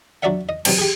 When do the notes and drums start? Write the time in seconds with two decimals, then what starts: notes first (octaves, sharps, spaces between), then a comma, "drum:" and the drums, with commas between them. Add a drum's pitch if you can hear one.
0.23 F#3 D4 F#4 D5 E5 F#5
0.49 D#5
0.65 B2 F#3 G3 C4 A5, drum: cymbal
0.79 G4 G#4